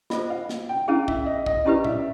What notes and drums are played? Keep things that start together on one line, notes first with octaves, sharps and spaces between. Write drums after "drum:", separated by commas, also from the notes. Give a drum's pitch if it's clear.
F4 A4 C5 D#5, drum: snare
F5
drum: snare
G5
C#4 E4 G#4 F5
E5, drum: kick
D#5
D#5, drum: kick
C#4 E4 G4 B4 D5
E5, drum: tom A#2